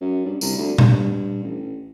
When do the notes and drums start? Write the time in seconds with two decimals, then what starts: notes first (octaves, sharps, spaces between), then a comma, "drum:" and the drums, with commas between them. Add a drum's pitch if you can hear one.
0.01 F#2
0.25 G2
0.41 C2, drum: tambourine
0.58 D2
0.78 G2, drum: tom A#2
1.43 A1